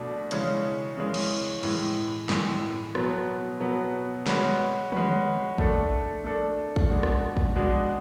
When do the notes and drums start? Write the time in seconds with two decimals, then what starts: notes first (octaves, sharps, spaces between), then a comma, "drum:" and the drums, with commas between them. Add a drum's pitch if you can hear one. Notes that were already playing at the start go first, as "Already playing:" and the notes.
Already playing: B2 A3 D4
0.31 C#3 E3 G#3 C#4, drum: hi-hat
0.97 C#3 E3 G#3 C#4
1.14 drum: cymbal
1.63 A2 E3 G#3, drum: cymbal
2.29 A2 E3 G#3, drum: snare
2.95 B2 F#3 B3, drum: rim click
3.60 B2 F#3 B3
4.27 G#3 C#4 F#4 B4, drum: snare
4.92 G#3 C#4 F#4 B4, drum: tom
5.58 A3 D4 A4, drum: kick
6.24 A3 D4 A4
6.76 drum: kick
6.90 B2 G#3 D4 F#4
7.03 drum: rim click
7.37 drum: kick
7.56 B2 G#3 D4 F#4